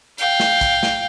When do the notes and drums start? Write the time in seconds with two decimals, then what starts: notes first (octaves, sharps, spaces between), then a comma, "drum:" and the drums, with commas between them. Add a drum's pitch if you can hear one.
0.18 F5 G5, drum: hi-hat
0.40 drum: snare
0.61 drum: kick, hi-hat
0.83 drum: snare